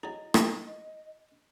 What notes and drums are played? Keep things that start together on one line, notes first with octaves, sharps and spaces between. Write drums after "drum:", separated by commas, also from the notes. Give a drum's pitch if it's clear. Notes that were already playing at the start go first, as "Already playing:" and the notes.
F#3 E4 G#4 D#5
drum: rim click